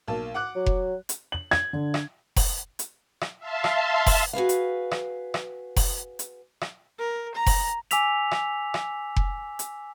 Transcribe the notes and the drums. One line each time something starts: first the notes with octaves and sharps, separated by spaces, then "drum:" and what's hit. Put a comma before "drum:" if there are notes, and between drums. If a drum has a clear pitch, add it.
B1 A#3 A5
F#5 D6 F#6
F#3
drum: kick F1
drum: hi-hat
F#7
G#6, drum: rim click
D3
drum: rim click
drum: kick F1, open hi-hat
drum: hi-hat
drum: rim click
E5 F5 A5 C6
drum: rim click
drum: kick F1, open hi-hat
F#4 G#4 B4 F5
drum: hi-hat
drum: rim click
drum: rim click
drum: kick F1, open hi-hat
drum: hi-hat
drum: rim click
A#4
A#5
drum: kick F1, open hi-hat
G#5 D6 E6 B6 F7, drum: hi-hat
drum: rim click
drum: rim click
drum: kick F1
drum: hi-hat